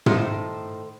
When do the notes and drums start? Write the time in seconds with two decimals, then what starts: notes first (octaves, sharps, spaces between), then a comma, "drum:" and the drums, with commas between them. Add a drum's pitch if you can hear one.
0.06 A2 D#3 A4 C5, drum: tom